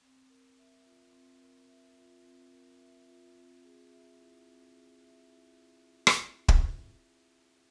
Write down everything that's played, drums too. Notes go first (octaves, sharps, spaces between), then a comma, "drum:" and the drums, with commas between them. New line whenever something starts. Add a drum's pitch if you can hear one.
C4
A#4
E5
F4
C4
A#4
E5
F4
C4
A#4
E5
F4
C4
G#4
E5
E4
C4
G#4
E5
E4
drum: rim click
drum: kick